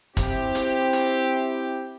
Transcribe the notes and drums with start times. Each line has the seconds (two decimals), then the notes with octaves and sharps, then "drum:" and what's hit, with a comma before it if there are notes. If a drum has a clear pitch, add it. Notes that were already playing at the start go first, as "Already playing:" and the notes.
0.17 C4 E4 G4, drum: kick, hi-hat
0.55 drum: hi-hat
0.93 drum: hi-hat